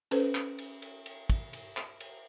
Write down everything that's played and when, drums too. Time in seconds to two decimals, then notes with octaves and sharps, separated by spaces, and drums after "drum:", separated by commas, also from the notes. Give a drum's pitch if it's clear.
0.11 C#4 A4 B4 C5, drum: cymbal
0.35 drum: clap
0.59 drum: cymbal
0.82 drum: cymbal
1.06 drum: cymbal
1.30 drum: kick, cymbal
1.53 drum: cymbal
1.77 drum: clap
2.00 drum: cymbal